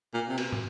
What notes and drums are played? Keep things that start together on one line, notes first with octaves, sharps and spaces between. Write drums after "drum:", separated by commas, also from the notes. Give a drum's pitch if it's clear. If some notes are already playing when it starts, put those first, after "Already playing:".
A#2
C3
B2, drum: cymbal
drum: tom